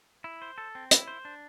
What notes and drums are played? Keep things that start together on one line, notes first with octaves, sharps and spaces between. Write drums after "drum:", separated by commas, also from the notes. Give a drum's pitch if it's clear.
E4
C5
A4
C4
E4, drum: hi-hat
C5
D4